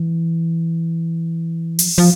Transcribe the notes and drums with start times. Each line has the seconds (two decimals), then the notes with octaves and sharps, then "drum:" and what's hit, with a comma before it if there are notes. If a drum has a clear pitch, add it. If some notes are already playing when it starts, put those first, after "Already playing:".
Already playing: E3
1.79 F3, drum: open hi-hat
1.98 F3